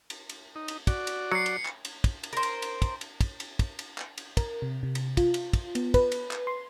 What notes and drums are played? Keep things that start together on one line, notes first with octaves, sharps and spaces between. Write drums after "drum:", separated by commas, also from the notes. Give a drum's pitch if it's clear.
drum: cymbal
drum: cymbal
D#4
drum: cymbal
F#4 D5, drum: kick, cymbal
drum: cymbal
F#3 C7 C#7
drum: cymbal
drum: clap
drum: cymbal
drum: kick, cymbal
drum: cymbal
A#4 C5
drum: cymbal
drum: cymbal
drum: kick, cymbal
drum: cymbal
drum: kick, cymbal
drum: cymbal
drum: kick, cymbal
drum: cymbal
drum: clap
drum: cymbal
A#4, drum: kick, cymbal
C3
C3
drum: cymbal
F4, drum: kick, cymbal
drum: cymbal
drum: kick, cymbal
B3, drum: cymbal
B4, drum: kick, cymbal
drum: cymbal
drum: clap
C6